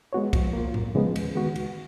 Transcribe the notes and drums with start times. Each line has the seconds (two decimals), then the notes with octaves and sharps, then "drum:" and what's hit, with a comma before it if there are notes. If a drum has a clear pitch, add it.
0.13 G#3 B3 F#4 C#5
0.33 F3, drum: kick C2, cymbal
0.53 A#3 F4
0.74 F#2, drum: tom A2
0.95 C#3 F3 G#3 B3
1.16 D#2, drum: cymbal
1.35 D#3 G#3 B3 F#4
1.56 C#2, drum: cymbal